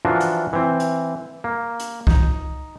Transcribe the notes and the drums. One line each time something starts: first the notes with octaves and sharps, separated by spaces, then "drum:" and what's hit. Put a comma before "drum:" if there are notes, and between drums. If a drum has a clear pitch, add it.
E3 F3 D4 F4 F#4 A#4
drum: hi-hat
E3 C4
drum: hi-hat
A#3
drum: hi-hat
D#4, drum: kick C2